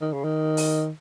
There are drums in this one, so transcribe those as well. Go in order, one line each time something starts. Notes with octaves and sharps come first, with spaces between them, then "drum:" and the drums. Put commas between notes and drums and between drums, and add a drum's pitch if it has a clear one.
D#3
C#3
D#3
drum: open hi-hat